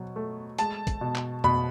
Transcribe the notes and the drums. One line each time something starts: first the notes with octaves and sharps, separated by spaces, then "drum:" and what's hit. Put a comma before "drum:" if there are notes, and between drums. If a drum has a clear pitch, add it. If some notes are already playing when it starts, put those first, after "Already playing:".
Already playing: B2 F#3
A3
G#3 A5, drum: hi-hat
drum: kick, hi-hat
B2
drum: clap
B2 B5, drum: tom F2